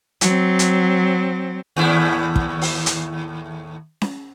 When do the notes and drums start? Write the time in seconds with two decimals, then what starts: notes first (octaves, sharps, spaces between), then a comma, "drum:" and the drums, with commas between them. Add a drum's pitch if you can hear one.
0.21 F#3 C4, drum: hi-hat
0.59 drum: hi-hat
1.76 D#2 A2 E4
2.36 drum: kick
2.62 drum: open hi-hat
2.86 drum: hi-hat
4.02 drum: snare C#4